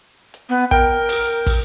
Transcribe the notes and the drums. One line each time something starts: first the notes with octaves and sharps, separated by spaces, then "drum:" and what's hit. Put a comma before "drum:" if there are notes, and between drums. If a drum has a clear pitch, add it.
drum: hi-hat
B3
A#4 G5, drum: kick, hi-hat
drum: open hi-hat
drum: kick, open hi-hat